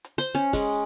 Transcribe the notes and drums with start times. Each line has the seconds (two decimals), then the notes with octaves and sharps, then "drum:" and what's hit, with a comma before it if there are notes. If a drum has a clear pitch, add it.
0.04 drum: hi-hat
0.18 C5
0.35 C#4
0.53 G#3, drum: kick, open hi-hat